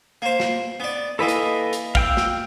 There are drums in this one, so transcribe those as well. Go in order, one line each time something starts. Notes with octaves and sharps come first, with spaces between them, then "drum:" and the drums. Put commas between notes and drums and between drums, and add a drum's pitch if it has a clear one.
A#3 C5
drum: snare
B3 D5
E3 A#3 A4 B4 D#5
drum: hi-hat
drum: hi-hat
F5 G5 E6, drum: kick
drum: snare